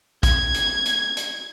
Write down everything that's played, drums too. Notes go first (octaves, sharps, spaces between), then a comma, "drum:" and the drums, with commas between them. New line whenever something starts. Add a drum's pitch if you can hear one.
G#6, drum: kick, hi-hat
drum: hi-hat
drum: hi-hat
drum: hi-hat